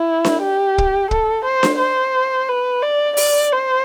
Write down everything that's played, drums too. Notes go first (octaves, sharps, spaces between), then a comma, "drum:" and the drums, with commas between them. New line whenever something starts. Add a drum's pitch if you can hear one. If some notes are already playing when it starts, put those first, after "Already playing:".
Already playing: E4
drum: snare D4
G4
drum: kick
A4, drum: kick
C5
drum: snare D4
C5
B4
D5
D5, drum: open hi-hat
C5